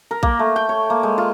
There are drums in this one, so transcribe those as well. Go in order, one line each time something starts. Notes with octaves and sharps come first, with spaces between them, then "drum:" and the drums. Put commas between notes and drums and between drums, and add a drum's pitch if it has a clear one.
A#4
A#3, drum: kick A#1
A3
G5
C#5
A#3
G#3
F4